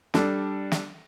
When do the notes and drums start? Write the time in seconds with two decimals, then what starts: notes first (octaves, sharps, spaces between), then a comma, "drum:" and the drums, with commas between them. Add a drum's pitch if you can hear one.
0.14 G3 D4 A4, drum: snare
0.72 drum: snare